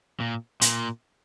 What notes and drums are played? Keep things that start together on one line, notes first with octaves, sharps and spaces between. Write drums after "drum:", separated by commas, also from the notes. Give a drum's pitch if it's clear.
A#2
A#2, drum: hi-hat